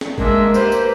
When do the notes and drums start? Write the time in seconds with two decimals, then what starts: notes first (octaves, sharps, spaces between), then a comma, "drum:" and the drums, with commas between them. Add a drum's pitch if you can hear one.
0.01 drum: snare
0.18 G#3 A#3 D4 E5, drum: kick G1
0.54 G4 B4 C5, drum: tambourine
0.72 drum: tambourine